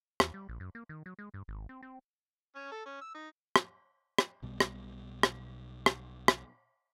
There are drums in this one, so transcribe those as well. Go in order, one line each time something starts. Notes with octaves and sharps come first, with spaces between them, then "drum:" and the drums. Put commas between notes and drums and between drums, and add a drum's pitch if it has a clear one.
E2, drum: rim click
G3
A#1
F#2
A#3
D#3
F#3
G#3
G2
G#1
C4
C4
C#4
A4
C#4
E6
D#4
drum: rim click
drum: rim click
B1 B2 G3
drum: rim click
drum: rim click
drum: rim click
drum: rim click